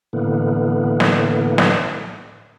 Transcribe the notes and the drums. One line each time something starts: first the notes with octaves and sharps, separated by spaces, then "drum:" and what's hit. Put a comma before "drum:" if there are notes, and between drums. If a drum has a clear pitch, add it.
A2 D3 E3 A#3 B3
drum: snare
drum: snare